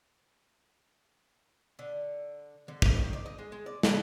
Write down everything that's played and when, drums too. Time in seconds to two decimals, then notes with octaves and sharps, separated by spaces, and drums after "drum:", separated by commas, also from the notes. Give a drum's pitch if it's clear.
1.79 D3
2.68 D3
2.82 B3, drum: kick
2.97 D#3
3.13 D5
3.26 D#5
3.38 G#3
3.52 G#3
3.66 D5
3.83 G#3, drum: snare